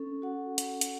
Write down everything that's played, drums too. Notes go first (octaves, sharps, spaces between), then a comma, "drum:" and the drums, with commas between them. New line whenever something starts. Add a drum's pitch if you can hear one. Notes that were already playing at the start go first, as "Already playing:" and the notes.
Already playing: C#4 A4
F#4 F#5
drum: hi-hat
drum: hi-hat